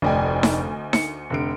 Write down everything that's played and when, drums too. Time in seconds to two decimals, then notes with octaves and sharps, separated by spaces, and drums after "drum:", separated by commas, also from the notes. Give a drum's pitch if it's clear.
0.02 F1 D2 D5 D#5 G5 G#5
0.43 drum: snare D#4
0.93 C#7, drum: snare D#4
1.30 F1 D3 D7